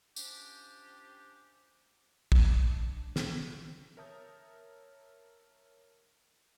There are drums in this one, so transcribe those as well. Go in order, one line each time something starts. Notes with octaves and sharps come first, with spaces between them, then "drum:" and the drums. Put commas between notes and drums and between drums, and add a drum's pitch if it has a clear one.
F3 C#4 D4 G4, drum: tambourine
D4, drum: kick
drum: snare
A#4 C#5 E5 A5 D#6 G6